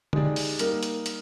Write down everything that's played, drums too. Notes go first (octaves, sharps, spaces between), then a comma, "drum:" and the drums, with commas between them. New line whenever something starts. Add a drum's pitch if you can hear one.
G#3 D#4 G4 D5, drum: tom D3
drum: open hi-hat
G3 A#3 D#4 A#4, drum: hi-hat
drum: hi-hat
drum: hi-hat